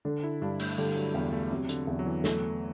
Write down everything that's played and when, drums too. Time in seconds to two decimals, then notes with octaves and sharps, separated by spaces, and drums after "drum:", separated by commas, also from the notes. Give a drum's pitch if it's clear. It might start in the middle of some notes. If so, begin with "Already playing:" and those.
0.05 D3 D4
0.23 E4
0.42 G2 D4
0.59 A3, drum: cymbal
0.78 D3 G3
0.96 F#3
1.14 E2 G3
1.33 A3
1.51 C3 F#3
1.69 D3, drum: hi-hat
1.87 E2 D3
1.99 F#3
2.06 E3
2.24 A3, drum: snare